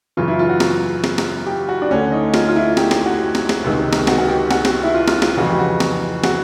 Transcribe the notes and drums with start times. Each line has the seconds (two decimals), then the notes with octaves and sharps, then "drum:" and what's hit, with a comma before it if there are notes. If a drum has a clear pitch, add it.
0.17 F#2 C#3 E3 F4
0.28 E4
0.39 F4
0.49 F#4
0.60 drum: snare
1.04 drum: snare
1.18 drum: snare
1.46 G4
1.69 F#4
1.82 D4
1.90 D2 D3 C#4
2.12 D#4
2.34 F4, drum: snare
2.49 F4
2.56 E4
2.77 G4, drum: snare
2.91 G4, drum: snare
3.06 F#4
3.35 drum: snare
3.49 drum: snare
3.64 C#2 C3 D#3
3.93 drum: snare
4.07 F#4, drum: snare
4.18 F#4
4.28 G4
4.51 F#4, drum: snare
4.65 drum: snare
4.83 E4
4.94 F4
5.08 F4, drum: snare
5.22 F4, drum: snare
5.37 F2 C#3 E3 F#4
5.49 G4
5.59 F#4
5.80 drum: snare
6.24 F#4, drum: snare